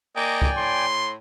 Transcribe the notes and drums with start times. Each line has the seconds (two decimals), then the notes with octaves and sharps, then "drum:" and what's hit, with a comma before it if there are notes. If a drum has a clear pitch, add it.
0.16 A#3 D5 D#5 G5 G#5
0.42 drum: kick C#2
0.58 A2 C6